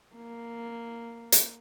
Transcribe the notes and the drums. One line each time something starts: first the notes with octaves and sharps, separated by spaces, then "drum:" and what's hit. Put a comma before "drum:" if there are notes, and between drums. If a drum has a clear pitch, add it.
A#3
drum: hi-hat